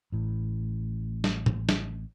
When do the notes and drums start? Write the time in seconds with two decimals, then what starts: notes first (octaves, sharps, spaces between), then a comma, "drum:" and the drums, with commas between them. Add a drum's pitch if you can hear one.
0.12 A1 A2
1.24 drum: snare
1.46 drum: tom A2
1.69 drum: snare